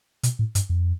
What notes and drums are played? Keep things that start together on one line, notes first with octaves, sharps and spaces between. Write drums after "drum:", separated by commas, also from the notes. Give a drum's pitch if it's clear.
B2, drum: hi-hat
A2
G2, drum: hi-hat
F2